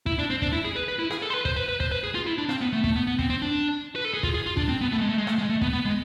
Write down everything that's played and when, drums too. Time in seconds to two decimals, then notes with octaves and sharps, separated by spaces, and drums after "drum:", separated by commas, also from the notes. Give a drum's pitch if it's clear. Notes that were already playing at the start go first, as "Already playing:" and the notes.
0.06 E4, drum: kick
0.19 D4
0.30 C4
0.42 D4, drum: kick
0.53 E4
0.65 G#4
0.76 B4
0.88 B4
0.99 E4
1.10 G#4, drum: rim click
1.22 A4
1.30 C5
1.34 B4
1.45 C5, drum: kick
1.56 B4
1.69 B4
1.80 C5, drum: kick
1.92 B4
2.04 G#4
2.15 F4
2.26 E4
2.38 D4
2.49 C4, drum: rim click
2.61 B3
2.73 A3
2.84 A3, drum: kick
2.96 B3
3.07 B3
3.19 C4, drum: kick
3.30 C4
3.42 D4
3.96 B4
4.05 A4
4.14 G#4
4.23 F4, drum: kick
4.34 G#4
4.46 F4
4.57 D4, drum: kick
4.69 C4
4.81 B3
4.92 A3
5.01 G#3
5.09 A3
5.18 G#3
5.27 A3, drum: rim click
5.38 G#3
5.50 A3
5.61 B3, drum: kick
5.73 B3
5.85 G#3